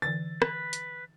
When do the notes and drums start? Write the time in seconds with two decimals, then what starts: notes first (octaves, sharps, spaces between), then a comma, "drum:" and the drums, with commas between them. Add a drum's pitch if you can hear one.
0.02 D3 E3 A6
0.42 B4, drum: rim click
0.73 drum: hi-hat